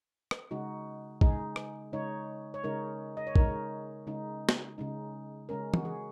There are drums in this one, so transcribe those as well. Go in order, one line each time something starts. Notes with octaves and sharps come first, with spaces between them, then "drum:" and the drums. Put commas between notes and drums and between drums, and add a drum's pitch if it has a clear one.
drum: rim click
C#3 G#3 D#4 F#4
C#3 G#3 D#4 G#4, drum: kick
drum: rim click
C#3 G#3 D#4 C#5
C#5
C#3 G#3 D#4 A#4
D#5
C#5
C#3 G#3 D#4 A#4, drum: kick
C#3 G#3 D#4
drum: snare
C#3 G#3 D#4
C#3 G#3 C#4 A#4
F#4, drum: tom E3
G#4